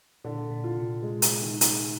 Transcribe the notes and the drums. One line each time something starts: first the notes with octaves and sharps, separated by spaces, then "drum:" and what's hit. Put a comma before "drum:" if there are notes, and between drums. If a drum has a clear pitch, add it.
A#2 D3
A#2
F4
C3
G#3
drum: hi-hat
D#3
drum: hi-hat